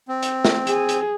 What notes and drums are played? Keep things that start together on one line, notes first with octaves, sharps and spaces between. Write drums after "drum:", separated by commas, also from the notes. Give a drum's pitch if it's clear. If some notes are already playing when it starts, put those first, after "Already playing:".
C4
drum: hi-hat
drum: snare
G#4, drum: hi-hat
drum: hi-hat